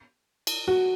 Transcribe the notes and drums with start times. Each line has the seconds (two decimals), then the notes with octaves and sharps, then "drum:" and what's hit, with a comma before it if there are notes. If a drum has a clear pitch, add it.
0.47 drum: cymbal
0.68 F#4